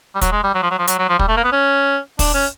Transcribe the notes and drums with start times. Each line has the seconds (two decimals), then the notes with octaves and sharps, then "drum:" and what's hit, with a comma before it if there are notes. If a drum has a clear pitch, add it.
0.15 G3
0.22 F#3, drum: kick, hi-hat
0.32 G#3
0.44 G3
0.55 F#3
0.63 F3
0.71 F#3
0.79 F3
0.88 F#3, drum: hi-hat
0.99 F#3
1.09 F3
1.19 G3, drum: kick
1.28 A3
1.37 A#3
1.44 B3
1.52 C#4
2.19 D4, drum: kick, open hi-hat
2.35 C#4